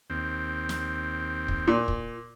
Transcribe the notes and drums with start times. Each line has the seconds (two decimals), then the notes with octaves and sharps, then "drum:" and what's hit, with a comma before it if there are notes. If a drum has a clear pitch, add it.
0.10 D#2 C4
0.69 drum: snare
1.48 drum: kick
1.67 A#2
1.88 drum: kick